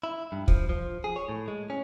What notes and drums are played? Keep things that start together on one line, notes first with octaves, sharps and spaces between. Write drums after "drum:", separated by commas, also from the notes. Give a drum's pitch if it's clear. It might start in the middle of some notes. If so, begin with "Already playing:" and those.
E4
G2
F3, drum: kick
F3
G#4
C#5
A2
G#3
C#4